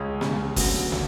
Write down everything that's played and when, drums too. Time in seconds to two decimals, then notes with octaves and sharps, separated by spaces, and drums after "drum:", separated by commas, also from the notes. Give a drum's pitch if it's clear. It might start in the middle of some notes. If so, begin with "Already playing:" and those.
Already playing: C#2 C#3 G#3 C#4
0.21 C#2 C#3 G#3 C#4, drum: snare
0.56 D2 C#3 F#3 B3, drum: kick, open hi-hat
0.92 drum: snare